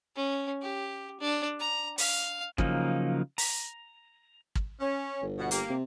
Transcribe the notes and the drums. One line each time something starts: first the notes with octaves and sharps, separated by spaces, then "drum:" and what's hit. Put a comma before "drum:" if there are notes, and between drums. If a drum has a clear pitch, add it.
C#4
G4
D4
A#5
F5, drum: open hi-hat
C#3 F3 F#3 A#3 D#4, drum: kick
A#5, drum: open hi-hat
drum: kick
C#4
G1
B2 F#5
A#3 G4, drum: hi-hat
C3